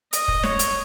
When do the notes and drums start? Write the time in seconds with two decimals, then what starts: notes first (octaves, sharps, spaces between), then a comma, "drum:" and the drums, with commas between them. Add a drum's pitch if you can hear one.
0.13 D#5, drum: hi-hat
0.28 drum: kick
0.43 C#5, drum: snare
0.59 drum: hi-hat